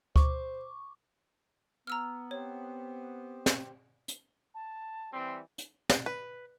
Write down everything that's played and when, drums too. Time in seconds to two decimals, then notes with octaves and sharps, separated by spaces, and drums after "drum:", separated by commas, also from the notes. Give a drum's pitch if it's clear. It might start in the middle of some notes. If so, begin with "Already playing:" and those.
0.16 C5 C#6 D6, drum: kick D2
1.87 B3 A#5 E6 F6
2.31 C4 G4 C5 C#5
3.46 drum: snare
4.08 drum: hi-hat
4.55 A5
5.13 E3 G3 C4
5.58 drum: hi-hat
5.89 drum: snare
6.06 B4